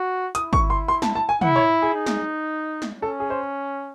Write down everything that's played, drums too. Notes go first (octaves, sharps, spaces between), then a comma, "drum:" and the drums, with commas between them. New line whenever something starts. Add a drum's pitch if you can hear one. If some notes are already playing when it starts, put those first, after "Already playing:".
Already playing: F#4
E4 D#6, drum: hi-hat
C#6, drum: kick
C6
C6
A5, drum: snare
A5
G#5
E4 F#5, drum: tom
C#5
G#4
D#4
drum: snare
drum: snare
C#4 A4
G#4
C5